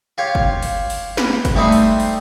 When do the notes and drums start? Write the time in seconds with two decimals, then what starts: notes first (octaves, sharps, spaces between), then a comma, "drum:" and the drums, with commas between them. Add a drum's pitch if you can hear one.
0.18 F4 G4 C#5 F5
0.35 drum: kick
0.62 drum: open hi-hat
0.90 drum: open hi-hat
1.17 B4, drum: snare
1.45 drum: kick, hi-hat
1.55 G3 A3 C4 D#4 C5 F#5
1.72 drum: open hi-hat
2.00 drum: open hi-hat